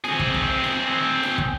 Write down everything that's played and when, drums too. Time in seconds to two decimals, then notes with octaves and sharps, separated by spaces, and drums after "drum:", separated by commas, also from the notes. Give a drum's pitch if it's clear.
0.05 C4 G#4, drum: snare
0.19 drum: kick
0.34 drum: kick
0.64 drum: snare
1.23 drum: snare
1.38 drum: kick